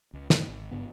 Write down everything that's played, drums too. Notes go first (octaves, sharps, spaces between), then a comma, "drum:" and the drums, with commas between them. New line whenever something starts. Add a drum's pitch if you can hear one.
C#2
F#2 A2 D#3, drum: snare
G#1
G1 G2 C#3 B3